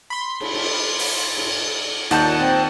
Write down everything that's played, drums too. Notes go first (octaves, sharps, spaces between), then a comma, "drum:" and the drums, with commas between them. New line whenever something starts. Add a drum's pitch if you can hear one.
B5 C6
drum: cymbal
drum: cymbal
drum: open hi-hat
drum: cymbal
D#2 A#2 D#4 F#5 A5 G6, drum: hi-hat
C4